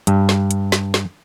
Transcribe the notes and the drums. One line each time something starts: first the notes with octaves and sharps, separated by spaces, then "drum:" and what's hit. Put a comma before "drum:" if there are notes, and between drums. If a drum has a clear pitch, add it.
G2, drum: hi-hat
drum: snare
drum: hi-hat
drum: snare
drum: snare